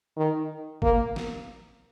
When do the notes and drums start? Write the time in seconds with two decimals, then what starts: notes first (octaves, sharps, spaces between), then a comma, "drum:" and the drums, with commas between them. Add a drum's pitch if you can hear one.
0.17 D#3
0.82 A#3, drum: kick
1.16 drum: snare